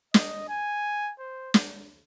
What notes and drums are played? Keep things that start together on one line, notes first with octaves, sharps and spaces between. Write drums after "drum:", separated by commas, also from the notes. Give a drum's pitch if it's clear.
D#5, drum: snare
G#5
C5
drum: snare